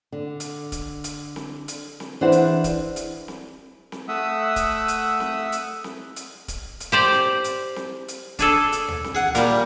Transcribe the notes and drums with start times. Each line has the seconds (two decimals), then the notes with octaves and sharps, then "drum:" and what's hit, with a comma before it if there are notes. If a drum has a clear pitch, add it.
0.12 D3
0.40 drum: hi-hat
0.72 drum: kick D1, hi-hat
1.04 drum: hi-hat
1.36 drum: snare C4
1.68 drum: hi-hat
2.00 drum: snare C4
2.21 E3 D4 G#4 C5 F#5
2.32 drum: hi-hat
2.64 drum: kick D1, hi-hat
2.96 drum: hi-hat
3.28 drum: snare C4
3.92 drum: snare C4
4.08 A3 E5 F#5 D#6 E6
4.56 drum: kick D1, hi-hat
4.88 drum: hi-hat
5.20 drum: snare C4
5.52 drum: hi-hat
5.84 drum: snare C4
6.16 drum: hi-hat
6.48 drum: kick D1, hi-hat
6.80 drum: hi-hat
6.92 G4 C5 D5
7.12 drum: snare C4
7.44 drum: hi-hat
7.76 drum: snare C4
8.08 drum: hi-hat
8.39 D4 G#4 A4, drum: kick D1, hi-hat
8.72 drum: hi-hat
8.88 drum: tom
9.04 drum: snare C4
9.15 G#4 F#5
9.35 A#2 G3 A#4, drum: hi-hat